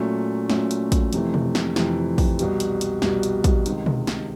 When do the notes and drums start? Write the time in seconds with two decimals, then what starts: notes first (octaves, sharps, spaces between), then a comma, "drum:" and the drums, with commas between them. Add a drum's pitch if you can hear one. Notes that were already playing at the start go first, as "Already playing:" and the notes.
Already playing: A#2 F#3 A3 C#4
0.50 A#2 F#3 A3 C#4, drum: snare
0.71 drum: hi-hat
0.92 drum: kick, hi-hat
1.13 F2 C3 E3 A3, drum: hi-hat
1.34 drum: tom B2
1.55 drum: snare
1.76 F2 C3 E3 A3, drum: snare
2.18 drum: kick, open hi-hat
2.39 C2 B2 G3, drum: hi-hat
2.60 drum: hi-hat
2.81 drum: hi-hat
3.02 C2 B2 G3, drum: snare
3.23 drum: hi-hat
3.44 drum: kick, hi-hat
3.66 C#2 C3 D#3, drum: hi-hat
3.86 drum: tom B2
4.07 drum: snare